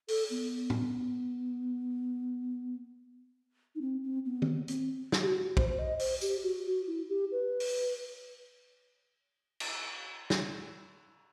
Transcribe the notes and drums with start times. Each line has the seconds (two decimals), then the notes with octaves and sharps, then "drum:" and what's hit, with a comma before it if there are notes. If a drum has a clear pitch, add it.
0.08 A4, drum: open hi-hat
0.30 B3
0.70 drum: tom
3.75 D#4
3.81 C4
4.03 C4
4.25 B3
4.42 C4, drum: tom
4.47 B3
4.68 C4, drum: hi-hat
5.12 drum: snare
5.23 G4
5.27 F#4
5.57 C5, drum: kick
5.69 C5
5.79 D#5
5.99 C5, drum: open hi-hat
6.21 G4, drum: tambourine
6.43 F#4
6.66 F#4
6.87 E4
7.09 G4
7.32 B4
7.60 drum: open hi-hat
9.60 drum: cymbal
10.30 drum: snare